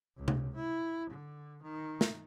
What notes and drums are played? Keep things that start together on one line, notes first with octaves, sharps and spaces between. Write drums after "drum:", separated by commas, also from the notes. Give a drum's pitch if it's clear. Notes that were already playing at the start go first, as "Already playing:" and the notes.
C#2
drum: tom C3
E4
D3
D#3
drum: snare